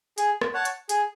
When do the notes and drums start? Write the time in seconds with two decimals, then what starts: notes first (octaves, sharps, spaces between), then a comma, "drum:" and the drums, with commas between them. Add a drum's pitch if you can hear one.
0.18 G#4, drum: hi-hat
0.41 drum: rim click
0.53 C#5 F#5 A5
0.65 drum: hi-hat
0.89 G#4, drum: hi-hat